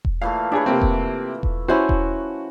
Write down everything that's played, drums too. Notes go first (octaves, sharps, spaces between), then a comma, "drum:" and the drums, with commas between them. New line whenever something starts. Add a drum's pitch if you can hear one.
drum: kick E1
A#2 E3 A3 F5
D4 G#4 B4 C#5 E5
C3 A#3 C4
drum: kick E1
drum: kick E1
C#4 E4 F#4 C5
drum: kick E1